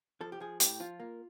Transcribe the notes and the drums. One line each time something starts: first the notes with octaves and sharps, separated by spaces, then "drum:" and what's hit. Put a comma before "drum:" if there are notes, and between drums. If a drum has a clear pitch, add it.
F3 A4
G4
F3 G#4
A2 G4, drum: hi-hat
F3 F4
A#3